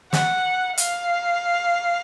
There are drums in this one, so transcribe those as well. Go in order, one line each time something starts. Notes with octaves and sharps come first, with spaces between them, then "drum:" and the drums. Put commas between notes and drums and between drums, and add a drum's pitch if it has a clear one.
F#5, drum: snare
F5, drum: hi-hat